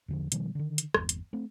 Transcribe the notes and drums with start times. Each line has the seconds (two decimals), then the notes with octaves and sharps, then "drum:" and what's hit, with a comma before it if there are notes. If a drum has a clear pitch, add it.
0.08 E2 D3 F3
0.32 B2 D#3 F3 G3, drum: hi-hat
0.55 D3 D#3
0.78 drum: hi-hat
0.94 G1 E2, drum: rim click
1.09 drum: hi-hat
1.33 A3 C4